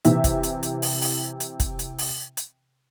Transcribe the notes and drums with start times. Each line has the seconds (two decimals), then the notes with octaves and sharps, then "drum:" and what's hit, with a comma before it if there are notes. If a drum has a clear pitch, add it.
0.05 C3 E3 E5, drum: hi-hat
0.24 drum: kick, hi-hat
0.43 drum: hi-hat
0.63 drum: hi-hat
0.82 drum: open hi-hat
1.02 drum: open hi-hat
1.40 drum: hi-hat
1.60 drum: kick, hi-hat
1.79 drum: hi-hat
1.98 drum: open hi-hat
2.37 drum: hi-hat